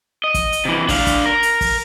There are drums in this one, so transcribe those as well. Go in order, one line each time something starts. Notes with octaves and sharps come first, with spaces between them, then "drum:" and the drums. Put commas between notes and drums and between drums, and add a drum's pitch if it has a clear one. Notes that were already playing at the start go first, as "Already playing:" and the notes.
D#5
drum: kick, hi-hat
drum: hi-hat
C3 E3
D4 F5, drum: kick, open hi-hat
drum: kick, hi-hat
A#4
drum: hi-hat
drum: kick, open hi-hat